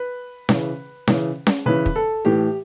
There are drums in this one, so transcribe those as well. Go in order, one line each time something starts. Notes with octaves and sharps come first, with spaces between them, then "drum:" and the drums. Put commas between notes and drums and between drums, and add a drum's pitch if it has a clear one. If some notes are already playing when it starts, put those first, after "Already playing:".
Already playing: B4
C#3 E3, drum: snare C#4
C#3 E3, drum: snare C#4
drum: snare C#4
C#3 E3 B4
drum: kick
A4
A2 E3 G4